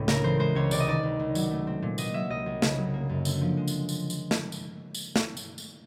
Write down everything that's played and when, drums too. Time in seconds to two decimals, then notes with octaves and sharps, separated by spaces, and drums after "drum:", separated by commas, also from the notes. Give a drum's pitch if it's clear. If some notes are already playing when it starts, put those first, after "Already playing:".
Already playing: C#2 A2 C#4
0.08 C#3 A#4, drum: snare
0.24 E3 C5
0.39 G#3 C5
0.55 C#2 C#5
0.71 C3 D5, drum: tambourine
0.80 D#5
0.87 D#3 D5
1.03 C#2
1.19 C#2
1.35 F#3, drum: tambourine
1.51 A3
1.67 C4
1.82 A#2
1.98 B2 D#5, drum: tambourine
2.14 F#3 E5
2.30 C2 D#5
2.46 C2
2.62 C#3, drum: snare
2.77 F#3
2.94 A#3
3.09 F#2
3.25 D3, drum: tambourine
3.41 F3
3.57 G#3
3.68 drum: tambourine
3.89 drum: tambourine
4.10 drum: tambourine
4.31 drum: snare
4.52 drum: tambourine
4.94 drum: tambourine
5.16 drum: snare
5.37 drum: tambourine
5.58 drum: tambourine